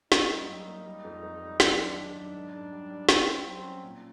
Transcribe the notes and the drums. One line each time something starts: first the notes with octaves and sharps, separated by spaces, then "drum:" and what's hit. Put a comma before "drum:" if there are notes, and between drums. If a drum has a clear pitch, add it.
A#3 D#4, drum: snare
G3
F#2
A#3
G3
F2
F2
G3
F#2 D4, drum: snare
D#3
D#3
F#2
G#2
G#2
G3
G3
C4 C#4, drum: snare
C#4
F#3 C4
C#4
A#2